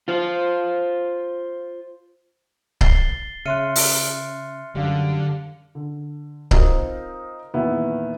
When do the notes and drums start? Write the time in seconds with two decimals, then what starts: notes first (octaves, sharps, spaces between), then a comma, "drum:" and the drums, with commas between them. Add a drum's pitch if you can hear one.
0.08 F4 C5
2.81 A6 C7 G7, drum: kick C#1
3.45 C#3 E5 C6 F6 F#6 C#7 D#7
3.76 drum: open hi-hat
4.76 F#2 D3 G3 G4 F5
5.75 D3
6.51 C4 D#4 F4 A#4 C5, drum: kick C#1
7.54 E2 A#2 D#3 B3 E4